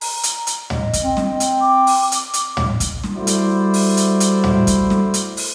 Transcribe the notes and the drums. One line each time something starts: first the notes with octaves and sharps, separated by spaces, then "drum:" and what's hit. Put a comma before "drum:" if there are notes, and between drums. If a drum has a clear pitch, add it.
A#5, drum: open hi-hat
drum: hi-hat
drum: hi-hat
D#5, drum: tom
drum: kick, hi-hat
C4
drum: snare
drum: hi-hat
D6
drum: open hi-hat
D6, drum: hi-hat
drum: hi-hat
drum: tom
drum: kick, hi-hat
drum: snare
G3 A3 E4 F#4 C5 D5
drum: hi-hat
drum: open hi-hat
drum: hi-hat
drum: hi-hat
drum: tom
drum: kick, hi-hat
drum: snare
drum: hi-hat
drum: open hi-hat